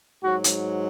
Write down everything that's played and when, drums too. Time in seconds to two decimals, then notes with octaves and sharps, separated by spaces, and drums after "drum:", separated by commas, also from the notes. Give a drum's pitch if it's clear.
0.21 G#2 F#3 F#4
0.44 drum: hi-hat